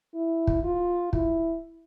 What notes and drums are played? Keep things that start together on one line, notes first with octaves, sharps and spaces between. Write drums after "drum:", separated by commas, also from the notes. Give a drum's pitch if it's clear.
E4
drum: kick
F4
E4, drum: kick